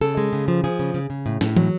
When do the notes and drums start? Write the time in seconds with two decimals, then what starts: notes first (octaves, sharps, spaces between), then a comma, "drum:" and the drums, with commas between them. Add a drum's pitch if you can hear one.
0.01 C#3 A4
0.17 G#3
0.33 C#3
0.48 F3
0.64 F3 G#4
0.79 C#3
0.94 C#3
1.10 C#3
1.26 A2
1.41 A2, drum: snare
1.57 F#3, drum: tom